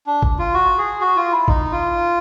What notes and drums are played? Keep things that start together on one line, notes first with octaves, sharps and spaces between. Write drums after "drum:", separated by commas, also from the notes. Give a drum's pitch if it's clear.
D4
drum: kick
F4
F#4
G#4
F#4
F4
E4
D#4, drum: kick
F4